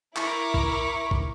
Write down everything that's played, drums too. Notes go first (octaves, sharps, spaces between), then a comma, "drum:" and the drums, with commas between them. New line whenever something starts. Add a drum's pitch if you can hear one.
E4 A#4 C#6 D6, drum: clap
drum: kick B1
drum: kick B1